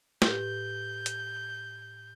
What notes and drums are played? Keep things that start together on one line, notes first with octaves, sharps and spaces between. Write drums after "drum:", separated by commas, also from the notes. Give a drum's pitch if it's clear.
A2 G4 B4 G6, drum: snare
drum: hi-hat